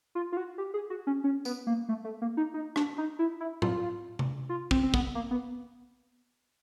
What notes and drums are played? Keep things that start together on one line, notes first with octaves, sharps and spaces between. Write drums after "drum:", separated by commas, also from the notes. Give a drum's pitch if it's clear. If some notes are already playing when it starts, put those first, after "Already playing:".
F4
F4
F#4
G4
G#4
F#4
C#4
C#4
B3, drum: tambourine
A#3
A3
A3
A#3
D#4
D#4
D4, drum: rim click
D#4
E4
E4
F4, drum: tom A2
drum: tom C3
F4
C4, drum: kick
C4
B3, drum: kick
A#3
B3